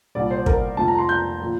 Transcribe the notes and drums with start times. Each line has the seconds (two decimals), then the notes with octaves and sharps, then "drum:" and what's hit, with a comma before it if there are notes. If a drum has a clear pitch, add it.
0.15 C2 A#2 G3 D5
0.31 C5
0.46 A#4, drum: kick
0.77 F1 F2 C3 F3 A5
0.88 A#5
0.98 C6
1.09 G6
1.41 A#2 F3